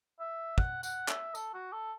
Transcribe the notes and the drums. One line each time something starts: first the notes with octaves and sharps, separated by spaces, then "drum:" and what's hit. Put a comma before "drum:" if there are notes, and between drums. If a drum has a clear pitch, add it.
E5
F#5, drum: kick
F#5, drum: tambourine
E5, drum: clap
A4, drum: tambourine
F#4
A4